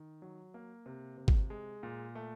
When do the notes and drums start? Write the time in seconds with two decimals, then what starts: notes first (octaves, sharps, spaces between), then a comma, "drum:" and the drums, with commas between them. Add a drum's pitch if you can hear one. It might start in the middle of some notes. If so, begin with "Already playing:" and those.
Already playing: D#3
0.22 F#3
0.54 A#3
0.86 C3
1.18 C3
1.28 drum: kick G#1
1.50 G#3
1.83 A#2
2.15 A3